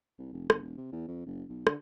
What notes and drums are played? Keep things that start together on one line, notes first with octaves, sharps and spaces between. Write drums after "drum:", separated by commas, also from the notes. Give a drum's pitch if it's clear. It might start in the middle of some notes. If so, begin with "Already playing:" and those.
C2
F1
G1, drum: rim click
E1
C3
E2
F2
F#1
B1
D3, drum: rim click